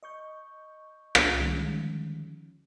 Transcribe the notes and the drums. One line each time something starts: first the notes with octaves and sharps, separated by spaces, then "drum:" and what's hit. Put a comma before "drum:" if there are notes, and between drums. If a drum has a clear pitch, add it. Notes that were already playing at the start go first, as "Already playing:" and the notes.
D#5 C#6 G6
drum: rim click
D3 D#3 F3 G3 G#3 C#4